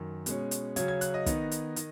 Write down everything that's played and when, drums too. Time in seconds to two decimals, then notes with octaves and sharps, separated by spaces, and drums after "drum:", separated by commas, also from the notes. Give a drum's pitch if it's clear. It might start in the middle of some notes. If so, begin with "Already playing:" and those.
Already playing: F#2 D#3
0.26 B2 G#3 C#4, drum: hi-hat
0.51 drum: hi-hat
0.76 C#3 F#3 C#4 G#6, drum: hi-hat
0.88 G#6
1.01 F#6, drum: hi-hat
1.14 D#5
1.26 D#3 B3 D#4, drum: kick, hi-hat
1.51 drum: hi-hat
1.76 D#3, drum: hi-hat